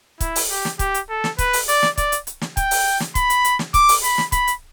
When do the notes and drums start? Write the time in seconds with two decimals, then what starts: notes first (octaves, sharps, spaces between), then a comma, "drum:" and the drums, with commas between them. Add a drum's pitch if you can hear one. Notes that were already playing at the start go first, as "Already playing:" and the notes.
0.20 E4, drum: kick C#1, hi-hat
0.36 drum: open hi-hat
0.50 G4
0.65 drum: snare
0.79 G4, drum: kick C#1, hi-hat
0.94 drum: hi-hat
1.09 A4
1.24 drum: snare
1.39 B4, drum: kick C#1, hi-hat
1.53 drum: open hi-hat
1.68 D5, drum: hi-hat
1.83 drum: snare
1.98 D5, drum: kick C#1, hi-hat
2.12 drum: hi-hat
2.27 drum: hi-hat
2.41 drum: snare
2.57 G5, drum: kick C#1, hi-hat
2.71 drum: open hi-hat
3.00 drum: snare
3.15 B5, drum: kick C#1, hi-hat
3.30 drum: hi-hat
3.44 drum: hi-hat
3.59 drum: snare
3.74 D6, drum: kick C#1, hi-hat
3.89 drum: open hi-hat
4.04 B5, drum: hi-hat
4.18 drum: snare
4.32 B5, drum: kick C#1, hi-hat
4.47 drum: hi-hat